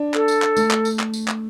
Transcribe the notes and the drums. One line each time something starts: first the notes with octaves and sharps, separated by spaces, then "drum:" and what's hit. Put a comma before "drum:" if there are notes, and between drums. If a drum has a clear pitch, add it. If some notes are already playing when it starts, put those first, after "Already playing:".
Already playing: D4
A4, drum: clap
drum: tambourine
drum: clap
A3, drum: tambourine
drum: clap
drum: tambourine
drum: clap
drum: tambourine
drum: clap